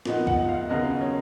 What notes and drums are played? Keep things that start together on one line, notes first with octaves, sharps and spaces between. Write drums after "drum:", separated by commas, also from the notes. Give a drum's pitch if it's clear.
A#2 F3 B3 D#4, drum: snare
F#5, drum: kick C#2
F5
D#2 C#3 F#3 B3 D#4 D#5
C#5